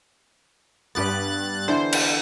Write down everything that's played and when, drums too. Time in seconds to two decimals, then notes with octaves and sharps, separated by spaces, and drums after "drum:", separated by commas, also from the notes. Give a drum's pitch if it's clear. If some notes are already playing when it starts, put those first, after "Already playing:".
0.95 G2 B3 G4 B4 F#6 A6
1.68 D3 E3 C5
1.92 drum: cymbal